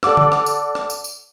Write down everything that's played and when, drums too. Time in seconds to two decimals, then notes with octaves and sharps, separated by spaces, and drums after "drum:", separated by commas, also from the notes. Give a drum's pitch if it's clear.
0.03 A4 D5 F#5 D6 E6, drum: rim click
0.17 drum: tom D3
0.32 drum: rim click
0.46 drum: tambourine
0.75 drum: rim click
0.90 drum: tambourine
1.04 drum: tambourine